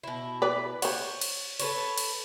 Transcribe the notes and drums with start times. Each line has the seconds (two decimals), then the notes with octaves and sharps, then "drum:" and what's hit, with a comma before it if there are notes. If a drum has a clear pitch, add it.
0.03 B2 E4
0.42 B4 D5
0.82 C5 C#5 F#5, drum: cymbal
1.21 drum: cymbal
1.60 A4 B4 C#5, drum: cymbal
1.98 drum: cymbal